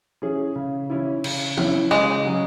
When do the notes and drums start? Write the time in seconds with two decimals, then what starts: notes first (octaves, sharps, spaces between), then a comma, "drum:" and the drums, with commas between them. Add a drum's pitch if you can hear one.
0.22 E3 C#4 G#4
0.56 C#3
0.90 E3 C#4 E4
1.24 C#3, drum: cymbal
1.57 E3 C#4 E4, drum: tom
1.91 C#3 G#3
2.25 F#3 C#4 F#4